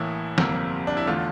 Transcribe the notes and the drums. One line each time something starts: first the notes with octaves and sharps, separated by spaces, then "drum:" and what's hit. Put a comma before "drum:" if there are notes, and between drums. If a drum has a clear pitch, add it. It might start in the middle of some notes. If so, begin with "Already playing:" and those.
Already playing: A1 A2 E3 A#3 E4
G1 F2 C3 G3 A#3, drum: snare
D4
E4
E2 D3 A3 F4